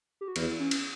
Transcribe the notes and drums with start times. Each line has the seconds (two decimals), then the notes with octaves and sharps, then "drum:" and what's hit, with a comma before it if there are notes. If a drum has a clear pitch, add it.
0.21 G4
0.28 F#4
0.36 E2 E4, drum: cymbal
0.60 C#4
0.71 drum: cymbal